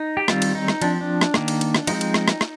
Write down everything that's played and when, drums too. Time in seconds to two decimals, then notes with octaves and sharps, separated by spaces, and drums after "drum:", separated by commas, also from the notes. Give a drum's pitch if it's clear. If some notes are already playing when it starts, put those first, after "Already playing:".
Already playing: D#4
0.17 G4
0.28 D#3 G3 C4 F4, drum: rim click
0.42 drum: cymbal
0.55 D#4
0.68 drum: rim click
0.82 F3 C4 D4, drum: cymbal
1.01 D4
1.21 drum: rim click
1.34 D#3 A#3, drum: rim click
1.48 drum: cymbal
1.61 drum: cymbal
1.75 drum: rim click
1.87 F3 G#3 C4 D#4, drum: cymbal
2.01 drum: cymbal
2.14 drum: rim click
2.28 drum: rim click
2.41 drum: rim click